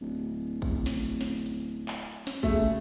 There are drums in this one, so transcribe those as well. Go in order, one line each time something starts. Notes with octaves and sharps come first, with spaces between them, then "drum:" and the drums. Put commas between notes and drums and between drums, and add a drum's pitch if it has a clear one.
D1
drum: kick
drum: snare
drum: snare
drum: hi-hat
drum: clap
drum: snare
C#3 A3, drum: kick